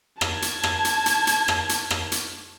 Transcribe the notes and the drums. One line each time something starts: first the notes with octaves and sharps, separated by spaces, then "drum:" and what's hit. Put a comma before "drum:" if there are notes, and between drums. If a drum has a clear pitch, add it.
A5 G#6, drum: rim click
drum: hi-hat
drum: rim click
drum: hi-hat
drum: hi-hat
drum: hi-hat
drum: rim click
drum: hi-hat
drum: rim click
drum: hi-hat